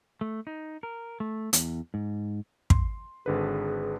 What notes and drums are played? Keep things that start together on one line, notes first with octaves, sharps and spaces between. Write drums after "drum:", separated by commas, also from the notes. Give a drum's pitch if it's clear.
A3
D#4
A#4
A3
E2, drum: hi-hat
G#2
C6, drum: kick
G#1 D3 G#4 B4